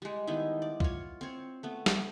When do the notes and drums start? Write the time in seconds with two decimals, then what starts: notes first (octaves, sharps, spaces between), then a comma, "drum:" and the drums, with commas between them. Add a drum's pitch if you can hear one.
0.02 G3 G#3
0.27 D#3 B3 D#4 E4
0.62 D5
0.80 F4 C#5, drum: kick
1.21 C4 C#5
1.63 A3 B3
1.86 drum: snare